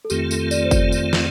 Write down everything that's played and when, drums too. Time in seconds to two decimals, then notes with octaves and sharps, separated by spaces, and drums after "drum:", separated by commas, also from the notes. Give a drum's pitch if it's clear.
0.05 A4
0.10 F2 D#3 A3 C4 F4 G4, drum: tambourine
0.31 A4, drum: tambourine
0.51 D5, drum: tambourine
0.65 C5
0.71 D5, drum: kick F#1, tambourine
0.92 drum: tambourine
1.13 drum: snare